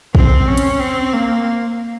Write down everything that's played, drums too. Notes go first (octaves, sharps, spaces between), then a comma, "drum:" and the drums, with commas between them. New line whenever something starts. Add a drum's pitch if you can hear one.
C4, drum: kick A#1
C#4
drum: hi-hat
C4
A#3